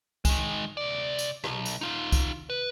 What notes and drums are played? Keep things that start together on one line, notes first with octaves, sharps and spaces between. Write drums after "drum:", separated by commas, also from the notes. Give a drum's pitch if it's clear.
D#3 G#3, drum: kick C2, tambourine
C3 D5
drum: tambourine
B1, drum: rim click
drum: tambourine
D#4 F4
drum: kick C2, tambourine
B4